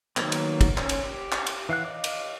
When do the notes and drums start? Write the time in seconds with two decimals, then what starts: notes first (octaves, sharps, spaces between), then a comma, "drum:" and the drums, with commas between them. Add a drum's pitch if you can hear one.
0.17 D#3 F#3 A#3 B3, drum: clap
0.32 drum: cymbal
0.61 drum: kick, cymbal
0.78 C#4, drum: clap
0.89 drum: cymbal
1.04 G4
1.32 drum: clap
1.47 drum: cymbal
1.69 E3 F5 F#5 F#6
1.85 D#5 F5 D6
2.04 drum: cymbal